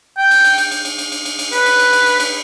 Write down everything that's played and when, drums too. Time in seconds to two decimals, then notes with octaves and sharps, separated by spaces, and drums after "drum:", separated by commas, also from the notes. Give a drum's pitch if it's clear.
0.18 G5
0.31 drum: cymbal
0.44 drum: cymbal
0.58 drum: cymbal
0.71 drum: cymbal
0.85 drum: cymbal
0.98 drum: cymbal
1.12 drum: cymbal
1.25 drum: cymbal
1.39 drum: cymbal
1.52 B4, drum: cymbal
1.66 drum: cymbal
1.79 drum: cymbal
1.93 drum: cymbal
2.06 drum: cymbal
2.20 drum: cymbal